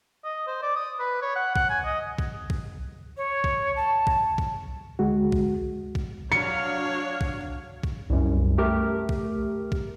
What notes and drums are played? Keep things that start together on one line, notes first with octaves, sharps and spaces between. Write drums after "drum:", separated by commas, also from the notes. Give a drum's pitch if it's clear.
D#5
C5
D5
D#6
B4
C#5
F#5
F#5, drum: kick
G#5
D#5
drum: kick
drum: kick
C#5
drum: kick
A5
drum: kick
drum: kick
D2 G#3 F#4
drum: kick
drum: kick
F#3 D4 C#5 F5 C#7
drum: kick
drum: kick
C2 F#2
A3 G4 A#4
drum: kick
drum: kick